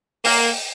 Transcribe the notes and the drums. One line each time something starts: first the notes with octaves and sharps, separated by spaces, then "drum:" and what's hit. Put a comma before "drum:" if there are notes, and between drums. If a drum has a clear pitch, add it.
A#3, drum: open hi-hat